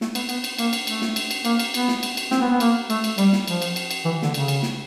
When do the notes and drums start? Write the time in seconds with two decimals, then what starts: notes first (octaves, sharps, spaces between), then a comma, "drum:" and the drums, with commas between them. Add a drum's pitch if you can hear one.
0.01 A3, drum: snare
0.15 B3, drum: cymbal
0.29 B3, drum: cymbal
0.44 drum: cymbal
0.59 A#3, drum: cymbal
0.73 drum: cymbal
0.87 A3, drum: cymbal
1.02 drum: snare
1.16 drum: cymbal
1.31 drum: cymbal
1.45 A#3, drum: cymbal
1.59 drum: cymbal
1.74 B3, drum: cymbal
1.88 drum: snare
2.03 drum: cymbal
2.17 drum: cymbal
2.31 C4, drum: snare
2.41 B3
2.51 B3
2.60 A#3, drum: cymbal
2.90 A3, drum: cymbal
3.04 drum: cymbal
3.18 G3, drum: cymbal
3.33 drum: snare
3.47 F3, drum: cymbal
3.62 drum: cymbal
3.76 drum: cymbal
3.91 drum: cymbal
4.05 E3
4.22 D3, drum: snare
4.34 C#3, drum: cymbal
4.48 drum: cymbal
4.63 drum: snare